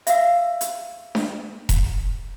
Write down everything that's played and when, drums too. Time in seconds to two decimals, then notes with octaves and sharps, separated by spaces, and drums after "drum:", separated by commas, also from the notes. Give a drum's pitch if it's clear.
0.07 E5 F5 E6, drum: hi-hat
0.61 drum: hi-hat
1.15 drum: snare D4
1.69 drum: kick E1, hi-hat